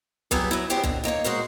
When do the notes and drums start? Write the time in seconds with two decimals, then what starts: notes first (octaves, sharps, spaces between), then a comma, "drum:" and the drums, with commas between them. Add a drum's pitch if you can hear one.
0.31 F#3 G3 B3 E4 G4 G#4, drum: kick
0.51 F#3 E4
0.70 B3 C#4 D4 F#4 G4 C5
0.83 B2 D3, drum: kick
1.04 D#3 A#3 C5 C#5
1.24 G#3 F#4 A#4 C5